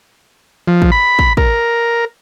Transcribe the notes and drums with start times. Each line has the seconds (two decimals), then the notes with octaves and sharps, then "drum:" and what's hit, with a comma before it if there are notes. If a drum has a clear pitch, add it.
0.68 F3
0.82 drum: kick
0.92 B5
1.19 drum: kick
1.37 A#4, drum: kick